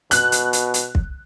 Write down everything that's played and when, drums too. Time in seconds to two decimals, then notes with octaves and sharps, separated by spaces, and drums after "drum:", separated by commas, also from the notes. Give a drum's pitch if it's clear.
0.11 B2 F#6, drum: hi-hat
0.32 drum: hi-hat
0.53 drum: hi-hat
0.74 drum: hi-hat
0.95 drum: kick